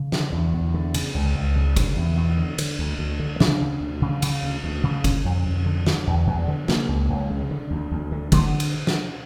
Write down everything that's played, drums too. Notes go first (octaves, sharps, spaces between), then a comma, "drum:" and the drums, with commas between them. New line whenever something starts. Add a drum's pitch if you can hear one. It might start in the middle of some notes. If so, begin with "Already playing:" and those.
Already playing: C#3
D3, drum: snare
E2
E2
D3
C#3, drum: cymbal
C#2
C#2
C#3
D3, drum: kick F#1, cymbal
E2
E2
D3
D3, drum: cymbal
D2
D2
D3
C#3 D4, drum: snare
D2
D2
C#3
C#3, drum: cymbal
D2
D2
C#3
D3 C#4, drum: kick F#1, cymbal
F2
F2
D3
D3, drum: snare
E2
E2
D3
C#3 A#3, drum: snare
C#2
C#2
C#3
D3
D2
D2
D3
D3 A#3, drum: kick F#1, cymbal
drum: cymbal
drum: snare